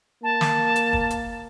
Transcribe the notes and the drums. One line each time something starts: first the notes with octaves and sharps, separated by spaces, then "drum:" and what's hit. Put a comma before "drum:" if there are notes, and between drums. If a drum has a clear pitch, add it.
A#3 A5
drum: snare
drum: hi-hat
drum: kick
drum: hi-hat